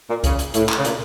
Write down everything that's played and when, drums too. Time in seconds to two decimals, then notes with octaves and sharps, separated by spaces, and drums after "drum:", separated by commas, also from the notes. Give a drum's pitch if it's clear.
0.09 A#2
0.24 C#3, drum: kick C2, hi-hat
0.39 drum: hi-hat
0.54 A2, drum: hi-hat
0.69 drum: clap
0.78 C#3
0.85 A#2, drum: hi-hat